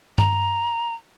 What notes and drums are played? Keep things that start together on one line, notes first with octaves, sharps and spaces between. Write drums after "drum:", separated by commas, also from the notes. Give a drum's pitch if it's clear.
A#5, drum: tom G2